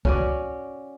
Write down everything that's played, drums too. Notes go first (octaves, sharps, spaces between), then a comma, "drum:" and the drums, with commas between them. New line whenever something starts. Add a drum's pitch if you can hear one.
C#4 F#4 D5, drum: kick